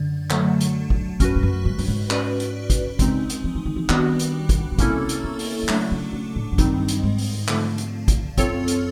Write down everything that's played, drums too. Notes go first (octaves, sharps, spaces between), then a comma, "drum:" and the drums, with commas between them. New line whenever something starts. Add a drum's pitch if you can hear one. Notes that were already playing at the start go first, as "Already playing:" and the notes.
Already playing: F#2 D3
D3 F#3 A3, drum: clap
drum: hi-hat
drum: kick
F#2 C#4 F#4 B4, drum: kick, hi-hat
G2
F#2
G2
G2, drum: open hi-hat
G#2
C#4 F#4 B4 D5, drum: clap
drum: hi-hat
drum: kick, hi-hat
C#3 G#3 C4 D#4, drum: kick, hi-hat
drum: hi-hat
F3
E3
D#3
E3
D#3 G3 B3 D4 F#4, drum: clap
drum: hi-hat
drum: kick, hi-hat
B2
C3 A#3 C#4 E4 A4, drum: kick, hi-hat
drum: hi-hat
C3
drum: open hi-hat
D3
C#3 F#3 A3 D4, drum: clap
C#3
C#3
A2
F#2
G2 D#3 G3 C4 D#4, drum: kick, hi-hat
drum: hi-hat
G#2
drum: open hi-hat
D3 F3 A3, drum: clap
drum: hi-hat
drum: kick, hi-hat
F#2 C4 F4 A4 C#5, drum: kick, hi-hat
drum: hi-hat